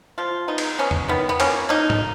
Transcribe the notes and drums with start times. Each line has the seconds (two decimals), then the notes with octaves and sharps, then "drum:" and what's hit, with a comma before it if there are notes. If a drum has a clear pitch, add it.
0.18 F3 F4
0.48 B3 D#4
0.58 drum: cymbal
0.78 B3 C#4
0.91 drum: tom E2
1.08 D#3 B3
1.29 B3
1.40 A#3 C#4, drum: cymbal
1.69 A#3 D#4
1.90 drum: tom